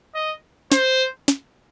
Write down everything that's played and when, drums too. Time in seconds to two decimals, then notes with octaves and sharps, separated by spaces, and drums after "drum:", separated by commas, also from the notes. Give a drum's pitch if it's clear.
0.15 D#5
0.72 C5, drum: snare
1.28 drum: snare